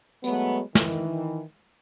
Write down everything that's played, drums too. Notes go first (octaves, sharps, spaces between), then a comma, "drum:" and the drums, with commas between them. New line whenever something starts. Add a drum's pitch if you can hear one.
F#3 G#3 A3 B3, drum: tambourine
D#3 E3, drum: snare
drum: hi-hat